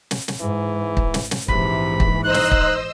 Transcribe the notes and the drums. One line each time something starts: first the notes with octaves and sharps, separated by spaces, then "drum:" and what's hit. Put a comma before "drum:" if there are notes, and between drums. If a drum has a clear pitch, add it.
drum: snare
drum: snare
G#2 E3
drum: kick
drum: snare
drum: snare
A#1 G#2 C3 E3 B5, drum: kick
drum: kick
D#4 C5 D#5 E6 F#6
drum: snare
drum: kick